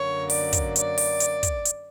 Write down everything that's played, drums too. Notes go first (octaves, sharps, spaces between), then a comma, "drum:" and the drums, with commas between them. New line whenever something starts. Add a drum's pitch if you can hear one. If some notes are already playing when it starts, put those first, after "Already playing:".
Already playing: F#2 D3 F#3 A#3 C#5
D5, drum: open hi-hat
drum: kick, hi-hat
D5, drum: hi-hat
drum: open hi-hat
drum: hi-hat
drum: kick, hi-hat
drum: hi-hat